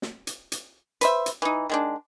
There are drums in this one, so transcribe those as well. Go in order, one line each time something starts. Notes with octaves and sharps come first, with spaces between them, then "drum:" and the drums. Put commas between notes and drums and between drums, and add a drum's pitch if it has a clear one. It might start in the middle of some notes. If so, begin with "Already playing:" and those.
drum: snare
drum: hi-hat
drum: hi-hat
B4 C5 E5, drum: hi-hat
drum: hi-hat
E3 D#4
D#3 G#3 D4